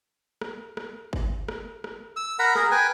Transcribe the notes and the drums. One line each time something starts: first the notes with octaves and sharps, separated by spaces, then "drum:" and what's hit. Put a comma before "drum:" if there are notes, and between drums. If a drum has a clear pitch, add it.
drum: rim click
drum: rim click
drum: kick G1
drum: rim click
drum: rim click
E6
A#4 F#5 A#5 B5
G#4 A#4, drum: rim click
B4 G5 G#5